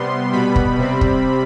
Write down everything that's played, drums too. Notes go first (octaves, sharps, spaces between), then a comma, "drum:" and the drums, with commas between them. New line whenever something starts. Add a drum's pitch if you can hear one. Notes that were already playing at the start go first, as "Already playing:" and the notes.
Already playing: C3 G3 B3 C6
B2 G3 B3 B5
drum: kick
C3 G3 C4
drum: kick